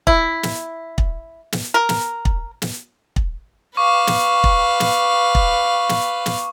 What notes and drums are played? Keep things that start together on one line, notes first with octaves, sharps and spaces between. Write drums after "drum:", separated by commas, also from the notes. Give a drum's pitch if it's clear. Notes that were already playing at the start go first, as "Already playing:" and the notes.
E4, drum: kick
drum: snare
drum: kick
drum: snare
A#4
drum: snare
drum: kick
drum: snare
drum: kick
B4 F5 C#6 D6
drum: snare
drum: kick
drum: snare
drum: kick
drum: snare
drum: snare